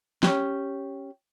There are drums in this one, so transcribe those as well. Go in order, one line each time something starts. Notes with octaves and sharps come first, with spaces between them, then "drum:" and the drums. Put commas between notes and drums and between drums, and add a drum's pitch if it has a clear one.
C#4 G4, drum: snare